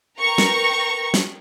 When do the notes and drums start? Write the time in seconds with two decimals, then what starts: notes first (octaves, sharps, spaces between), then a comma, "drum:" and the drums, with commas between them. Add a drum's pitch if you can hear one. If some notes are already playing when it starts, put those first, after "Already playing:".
0.19 A#4 B4 G5 A#5 C#6
0.38 drum: snare
1.14 drum: snare